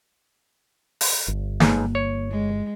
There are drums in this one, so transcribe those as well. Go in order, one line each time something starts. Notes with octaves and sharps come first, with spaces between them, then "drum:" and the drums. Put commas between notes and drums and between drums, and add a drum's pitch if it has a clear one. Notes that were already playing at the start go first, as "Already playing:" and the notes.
drum: open hi-hat
G1
B1 G#2 A#3, drum: snare
C#5
G#3